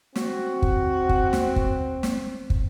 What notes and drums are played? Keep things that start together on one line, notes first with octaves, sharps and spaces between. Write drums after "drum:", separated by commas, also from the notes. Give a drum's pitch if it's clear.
C4 F#4, drum: snare
drum: kick
drum: kick
drum: snare
drum: kick
drum: snare
drum: kick